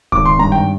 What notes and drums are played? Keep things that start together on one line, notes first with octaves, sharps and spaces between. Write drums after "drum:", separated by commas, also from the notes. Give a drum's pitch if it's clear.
G#1 D6, drum: kick D#1
C6
G2 A#5
G5